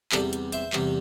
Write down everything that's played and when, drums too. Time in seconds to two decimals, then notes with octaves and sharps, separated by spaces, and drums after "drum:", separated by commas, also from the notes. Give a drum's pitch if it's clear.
0.12 E2 C3 G3 A4 D5, drum: clap
0.33 drum: hi-hat
0.52 C5 E5, drum: hi-hat
0.73 E2 C3 G3, drum: clap